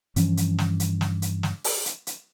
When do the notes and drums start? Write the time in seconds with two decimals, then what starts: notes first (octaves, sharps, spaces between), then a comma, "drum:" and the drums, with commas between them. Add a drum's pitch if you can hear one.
0.16 G2 E3 F3 C#4, drum: hi-hat
0.37 drum: hi-hat
0.58 drum: snare
0.80 drum: hi-hat
1.01 drum: snare
1.22 drum: hi-hat
1.43 drum: snare
1.64 drum: open hi-hat
1.86 drum: hi-hat
2.07 drum: hi-hat